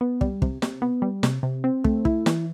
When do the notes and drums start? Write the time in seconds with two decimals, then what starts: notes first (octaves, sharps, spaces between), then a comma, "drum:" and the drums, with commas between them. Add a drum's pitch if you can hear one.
0.01 B3
0.21 G3, drum: kick
0.42 C3, drum: kick
0.62 C3, drum: snare
0.82 B3
1.02 G3
1.23 C3, drum: snare
1.43 C3
1.64 C4
1.84 A3, drum: kick
2.05 E4, drum: kick
2.26 E3, drum: snare